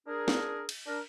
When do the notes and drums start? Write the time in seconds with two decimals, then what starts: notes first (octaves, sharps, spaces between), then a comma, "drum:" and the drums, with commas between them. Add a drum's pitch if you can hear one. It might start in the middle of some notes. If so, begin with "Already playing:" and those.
0.07 D4 G#4 A#4
0.28 drum: snare
0.69 drum: cymbal
0.87 D4 A#4